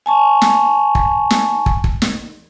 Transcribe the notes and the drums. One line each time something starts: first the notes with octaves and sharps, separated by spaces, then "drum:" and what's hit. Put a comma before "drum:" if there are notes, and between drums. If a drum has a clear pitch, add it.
G#5 A5 C#6
drum: snare
drum: kick
drum: snare
drum: kick
drum: kick
drum: snare